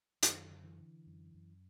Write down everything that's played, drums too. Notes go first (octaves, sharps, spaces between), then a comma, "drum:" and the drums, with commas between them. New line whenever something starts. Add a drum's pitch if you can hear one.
F#2 D#3, drum: hi-hat
D3
E3
D3
F#2
F#2